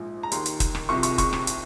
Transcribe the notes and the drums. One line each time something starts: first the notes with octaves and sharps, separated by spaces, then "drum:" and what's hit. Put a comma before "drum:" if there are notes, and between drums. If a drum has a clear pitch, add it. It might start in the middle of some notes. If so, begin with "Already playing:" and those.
Already playing: A#1 G#2 F3
A#5
D#2 D#3 C6, drum: hi-hat
drum: hi-hat
drum: kick, hi-hat
drum: rim click
C2 C3 F3 C#6
C#6, drum: hi-hat
C#6, drum: kick, hi-hat
drum: rim click
drum: hi-hat